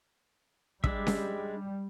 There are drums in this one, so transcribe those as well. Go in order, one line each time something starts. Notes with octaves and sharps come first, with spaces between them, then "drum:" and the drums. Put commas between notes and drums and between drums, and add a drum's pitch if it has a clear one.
G3 G#3 D4 E5, drum: kick
drum: snare C#4